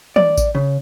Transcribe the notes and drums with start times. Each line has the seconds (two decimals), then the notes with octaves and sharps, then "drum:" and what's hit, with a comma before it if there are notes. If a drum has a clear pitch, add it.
0.16 D5, drum: tom
0.37 drum: kick A1, tambourine
0.55 C#3